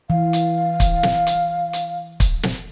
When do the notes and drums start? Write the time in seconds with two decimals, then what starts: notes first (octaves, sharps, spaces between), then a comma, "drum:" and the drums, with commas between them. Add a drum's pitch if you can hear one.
0.10 E3 F5
0.33 drum: hi-hat
0.80 drum: kick, hi-hat
1.03 drum: snare
1.27 drum: hi-hat
1.73 drum: hi-hat
2.20 drum: kick, hi-hat
2.43 drum: snare